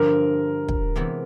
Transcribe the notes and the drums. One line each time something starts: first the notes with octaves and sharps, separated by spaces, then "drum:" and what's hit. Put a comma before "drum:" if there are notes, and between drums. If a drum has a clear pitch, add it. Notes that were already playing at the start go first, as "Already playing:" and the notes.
Already playing: G2 D3 F3 A#4
drum: kick
C3 E3 G#3 B3